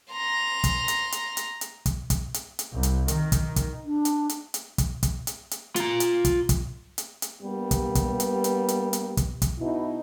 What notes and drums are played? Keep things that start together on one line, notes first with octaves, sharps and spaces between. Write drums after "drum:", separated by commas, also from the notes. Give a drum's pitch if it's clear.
A#5 C6
drum: kick, hi-hat
drum: hi-hat
drum: hi-hat
drum: hi-hat
drum: hi-hat
drum: kick, hi-hat
drum: kick, hi-hat
drum: hi-hat
drum: hi-hat
C2
drum: hi-hat
D#3, drum: hi-hat
drum: kick, hi-hat
drum: kick, hi-hat
D4
drum: hi-hat
drum: hi-hat
drum: hi-hat
drum: kick, hi-hat
drum: kick, hi-hat
drum: hi-hat
drum: hi-hat
F4 A#5, drum: hi-hat
drum: hi-hat
drum: kick, hi-hat
drum: kick, hi-hat
drum: hi-hat
drum: hi-hat
G2 G3 A#3 B3
drum: kick, hi-hat
drum: kick, hi-hat
drum: hi-hat
drum: hi-hat
drum: hi-hat
drum: hi-hat
drum: kick, hi-hat
drum: kick, hi-hat
B2 D#4 E4